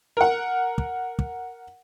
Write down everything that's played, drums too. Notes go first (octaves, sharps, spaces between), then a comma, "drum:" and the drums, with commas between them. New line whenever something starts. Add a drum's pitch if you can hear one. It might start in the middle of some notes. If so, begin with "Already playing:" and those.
A#4 F#5
drum: kick
drum: kick